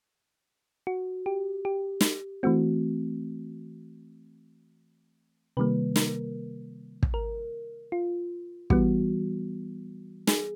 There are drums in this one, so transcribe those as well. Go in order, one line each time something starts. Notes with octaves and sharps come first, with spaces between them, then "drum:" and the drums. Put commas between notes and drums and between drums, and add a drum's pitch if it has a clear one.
F#4
G4
G4
drum: snare
E3 A3 C4 F#4
C3 D#3 G3 A#3 B4
A#4, drum: snare
drum: kick
A#4
F4
E3 G3 B3 F#4, drum: kick
G#4, drum: snare